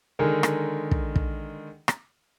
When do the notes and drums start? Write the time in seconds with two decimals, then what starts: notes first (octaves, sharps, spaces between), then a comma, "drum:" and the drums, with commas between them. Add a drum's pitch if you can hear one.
0.19 D3 D#3 G#3 G#4 A#4
0.43 drum: rim click
0.91 drum: kick
1.16 drum: kick
1.88 drum: rim click